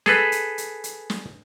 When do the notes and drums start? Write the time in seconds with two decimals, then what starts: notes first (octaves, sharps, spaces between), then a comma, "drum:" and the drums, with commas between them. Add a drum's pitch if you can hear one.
0.06 G#4 A4 B4, drum: snare
0.32 drum: hi-hat
0.58 drum: hi-hat
0.84 drum: hi-hat
1.10 drum: snare